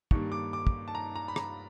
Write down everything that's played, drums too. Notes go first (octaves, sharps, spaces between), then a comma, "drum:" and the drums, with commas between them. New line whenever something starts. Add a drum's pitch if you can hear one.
G2 D#3 G3 A#3 C#6, drum: kick
D6
D6
drum: kick
A5
A#5
A#5
B5
A#5, drum: rim click